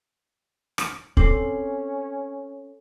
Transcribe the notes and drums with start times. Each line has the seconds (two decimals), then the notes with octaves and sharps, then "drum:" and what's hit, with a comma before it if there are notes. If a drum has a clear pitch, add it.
0.78 drum: rim click
1.17 C4 C#4 A4 D6 C7, drum: kick